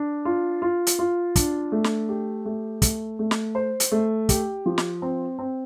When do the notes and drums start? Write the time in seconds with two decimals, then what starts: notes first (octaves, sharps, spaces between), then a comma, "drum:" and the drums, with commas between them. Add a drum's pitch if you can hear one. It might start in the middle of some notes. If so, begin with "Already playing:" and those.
Already playing: D4
0.25 F4
0.62 F4
0.87 drum: hi-hat
0.99 F4
1.36 D4, drum: kick, hi-hat
1.72 A3
1.84 drum: snare
2.09 G4
2.45 A3
2.82 A3, drum: kick, hi-hat
3.19 A3
3.31 drum: snare
3.55 C5
3.80 drum: hi-hat
3.92 A3
4.29 G4, drum: kick, hi-hat
4.66 F3
4.78 drum: snare
5.02 C4
5.39 C4